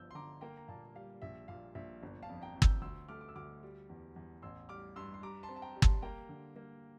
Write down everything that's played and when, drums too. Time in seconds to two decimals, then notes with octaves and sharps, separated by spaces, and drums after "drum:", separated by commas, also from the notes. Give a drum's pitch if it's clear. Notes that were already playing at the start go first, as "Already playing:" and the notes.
Already playing: G1 F3 E6 G6
0.11 C6
0.15 D3 A#5 D6
0.41 A#3 G5 A#5
0.57 A#5
0.68 A#2 F5 A5
0.95 G3 F5
1.22 A#1 E5
1.48 A#2 F5
1.75 A#1 E5
2.03 G1
2.23 F5 A5
2.29 F2
2.42 G5 A#5
2.56 F2
2.62 E6 G6, drum: kick
2.82 D2 C6 E6
3.08 A3 D6 F6
3.21 D6
3.29 E6
3.36 D2 D6 F6
3.63 G3
3.89 E2
4.16 E2
4.42 A1 C6 E6
4.69 G3 D6 F6
4.96 G2 C6 E6
5.14 C6
5.23 G3 A#5 D6
5.43 A5 C6
5.49 C4
5.56 A5
5.62 G5 A#5
5.76 G3
5.82 A5 C6, drum: kick
6.02 A#3 G5 A#5
6.29 D3
6.56 A#3